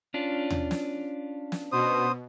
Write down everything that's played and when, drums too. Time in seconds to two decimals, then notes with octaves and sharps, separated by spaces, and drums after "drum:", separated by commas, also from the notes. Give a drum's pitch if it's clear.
0.14 C#4 D4 F4
0.50 drum: tom D#2
0.71 drum: snare
1.52 drum: snare
1.72 B2 C5 D#6